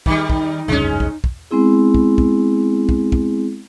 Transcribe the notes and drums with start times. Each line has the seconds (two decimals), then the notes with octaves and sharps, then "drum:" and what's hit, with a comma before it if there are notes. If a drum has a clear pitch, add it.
0.06 D#3 G3 D#4, drum: kick
0.30 drum: kick
0.68 F1 C#2 G2 G#3 C#4
1.00 drum: kick
1.24 drum: kick
1.51 G#3 B3 C4 E4 G#4
1.94 drum: kick
2.18 drum: kick
2.89 drum: kick
3.12 drum: kick